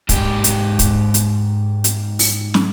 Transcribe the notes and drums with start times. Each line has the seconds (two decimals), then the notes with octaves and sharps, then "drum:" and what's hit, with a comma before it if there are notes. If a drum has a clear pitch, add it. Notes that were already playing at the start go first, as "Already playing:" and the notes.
0.09 G#2 G4, drum: kick, hi-hat
0.44 drum: hi-hat
0.79 drum: kick, hi-hat
1.14 drum: hi-hat
1.84 drum: hi-hat
2.19 drum: open hi-hat
2.54 drum: snare